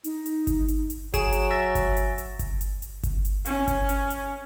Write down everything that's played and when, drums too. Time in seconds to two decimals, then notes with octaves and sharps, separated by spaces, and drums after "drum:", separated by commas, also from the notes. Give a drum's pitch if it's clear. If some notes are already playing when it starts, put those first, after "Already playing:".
0.04 D#4, drum: hi-hat
0.26 drum: hi-hat
0.47 drum: kick G1, hi-hat
0.68 drum: hi-hat
0.90 drum: hi-hat
1.14 F#3 G#4 G#5 C#6 D7 E7, drum: kick G1, hi-hat
1.32 drum: hi-hat
1.51 E5 A6 A#6
1.75 drum: kick G1, hi-hat
1.97 drum: hi-hat
2.18 drum: hi-hat
2.39 drum: kick G1, hi-hat
2.61 drum: hi-hat
2.82 drum: hi-hat
3.03 drum: kick G1, hi-hat
3.25 drum: hi-hat
3.45 C#4, drum: hi-hat
3.68 drum: kick G1, hi-hat
3.89 drum: hi-hat
4.10 drum: hi-hat